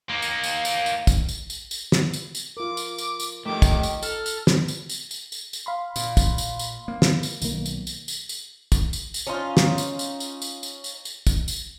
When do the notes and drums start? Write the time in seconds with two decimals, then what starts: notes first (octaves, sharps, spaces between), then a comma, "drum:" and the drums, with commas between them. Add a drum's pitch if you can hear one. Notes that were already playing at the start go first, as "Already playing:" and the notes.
0.10 A#3 D#4
0.22 drum: tambourine
0.44 drum: tambourine
0.65 drum: tambourine
0.86 drum: tambourine
1.07 drum: kick, tambourine
1.29 drum: tambourine
1.50 drum: tambourine
1.71 drum: tambourine
1.92 drum: snare
2.13 drum: tambourine
2.35 drum: tambourine
2.57 F4 A#4 D6
2.77 drum: tambourine
2.98 drum: tambourine
3.20 drum: tambourine
3.46 D#3 A3 G4 D6
3.62 drum: kick, tambourine
3.83 drum: tambourine
4.03 A4 F6, drum: tambourine
4.26 drum: tambourine
4.47 drum: snare
4.68 drum: tambourine
4.90 drum: tambourine
5.11 drum: tambourine
5.32 drum: tambourine
5.53 drum: tambourine
5.66 F5 B5 C6
5.96 A#2, drum: tambourine
6.17 drum: kick, tambourine
6.38 drum: tambourine
6.59 drum: tambourine
6.88 A#3
7.02 drum: snare
7.23 drum: tambourine
7.42 B1 D#3 A#3, drum: tambourine
7.66 drum: tambourine
7.87 drum: tambourine
8.08 drum: tambourine
8.29 drum: tambourine
8.72 drum: kick, tambourine
8.93 drum: tambourine
9.14 drum: tambourine
9.27 C#4 D#4 F4
9.57 drum: snare
9.78 drum: tambourine
9.99 drum: tambourine
10.20 drum: tambourine
10.42 drum: tambourine
10.63 drum: tambourine
10.84 drum: tambourine
11.05 drum: tambourine
11.27 drum: kick, tambourine
11.48 drum: tambourine